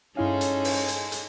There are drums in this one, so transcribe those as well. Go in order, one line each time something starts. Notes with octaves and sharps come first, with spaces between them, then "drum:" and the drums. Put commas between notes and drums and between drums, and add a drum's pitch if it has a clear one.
G2 G#3 C#4 D#4 E4 G#4 A4 F5
drum: hi-hat
drum: open hi-hat
drum: hi-hat
drum: hi-hat